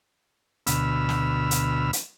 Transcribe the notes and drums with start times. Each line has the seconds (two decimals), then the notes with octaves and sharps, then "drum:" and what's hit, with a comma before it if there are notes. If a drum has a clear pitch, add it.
0.67 D2 B2 B5 E6 F6, drum: hi-hat
1.09 drum: snare
1.51 drum: hi-hat
1.93 drum: hi-hat